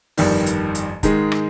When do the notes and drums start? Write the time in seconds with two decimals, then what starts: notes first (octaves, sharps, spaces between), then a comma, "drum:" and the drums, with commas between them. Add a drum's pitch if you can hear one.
0.17 G1 F2 D#3 G3, drum: open hi-hat
0.46 drum: hi-hat
0.75 drum: hi-hat
1.03 G#2 D#3 G#3, drum: kick F1, hi-hat
1.32 drum: rim click